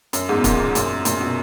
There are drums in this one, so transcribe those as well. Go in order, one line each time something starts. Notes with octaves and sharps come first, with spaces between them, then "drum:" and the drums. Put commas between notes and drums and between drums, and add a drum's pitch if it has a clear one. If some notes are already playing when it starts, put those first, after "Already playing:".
F#2, drum: hi-hat
E2 G#2
B2
F#2 A#2, drum: kick, hi-hat
F#2 A#2, drum: hi-hat
F#2 A#2, drum: hi-hat
B2